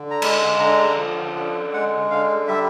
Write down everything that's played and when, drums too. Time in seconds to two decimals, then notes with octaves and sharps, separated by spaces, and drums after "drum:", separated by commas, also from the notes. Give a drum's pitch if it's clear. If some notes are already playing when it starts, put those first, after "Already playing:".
Already playing: D3
0.11 A#5
0.22 G#3 B5, drum: cymbal
0.59 D3 A#5
0.97 F3
1.35 D3
1.73 G#3 F#5
2.10 D3 F5
2.48 G3 E5